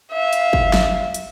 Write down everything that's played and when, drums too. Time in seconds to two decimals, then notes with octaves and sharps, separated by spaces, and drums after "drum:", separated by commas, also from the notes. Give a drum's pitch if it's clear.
0.12 E5 F5
0.33 drum: hi-hat
0.53 drum: kick
0.74 drum: snare
1.14 drum: hi-hat